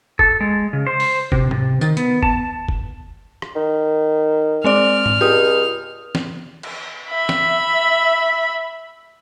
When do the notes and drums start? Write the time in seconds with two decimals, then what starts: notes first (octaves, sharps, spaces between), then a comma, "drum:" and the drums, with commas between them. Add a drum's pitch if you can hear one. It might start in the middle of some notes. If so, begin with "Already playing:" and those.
0.19 A4, drum: kick F1
0.41 G#3
0.73 C#3
0.87 C5
1.00 drum: open hi-hat
1.32 C3, drum: kick F1
1.51 C3, drum: tom G#2
1.81 D#3, drum: tambourine
1.97 B3, drum: hi-hat
2.23 A5, drum: kick F1
2.68 drum: kick F1
3.42 drum: rim click
3.56 D#3
4.64 G#3 C4 D5 F6
5.06 drum: tom G#2
5.21 C#2 G4 D#6
6.15 drum: snare
6.63 drum: cymbal
7.10 E5 B5
7.29 drum: snare